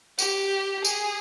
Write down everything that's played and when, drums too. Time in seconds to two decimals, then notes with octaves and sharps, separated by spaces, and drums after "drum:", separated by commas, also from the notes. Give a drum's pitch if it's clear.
0.19 G4, drum: tambourine
0.85 G#4, drum: tambourine